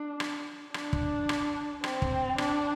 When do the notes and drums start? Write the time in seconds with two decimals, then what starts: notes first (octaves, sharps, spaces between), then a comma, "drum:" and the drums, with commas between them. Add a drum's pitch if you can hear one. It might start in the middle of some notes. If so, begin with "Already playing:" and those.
Already playing: D4
0.20 drum: rim click
0.74 D4, drum: rim click
0.93 drum: kick
1.29 drum: rim click
1.84 C4, drum: rim click
2.02 drum: kick
2.38 D4, drum: rim click